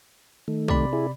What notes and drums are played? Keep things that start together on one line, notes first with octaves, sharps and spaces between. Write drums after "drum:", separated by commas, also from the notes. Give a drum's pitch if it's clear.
D#3 A3
C3 D5 B5, drum: kick
E4 G#4